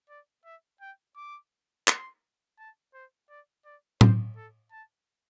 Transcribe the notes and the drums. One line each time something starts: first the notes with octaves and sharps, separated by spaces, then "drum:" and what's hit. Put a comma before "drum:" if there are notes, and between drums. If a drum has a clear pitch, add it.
D5
E5
G5
D6
C6, drum: clap
A5
C5
D5
D5
C5, drum: tom A2
A4
A5